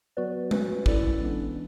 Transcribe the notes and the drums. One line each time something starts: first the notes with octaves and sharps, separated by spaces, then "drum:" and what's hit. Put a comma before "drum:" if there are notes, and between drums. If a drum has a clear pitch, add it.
F#3 B3 F#4 B4 D5
A3 C#4 F#4 B4, drum: tom G#3
C#4 E4 A4 D5, drum: kick A1
E3 G#3 B3 D4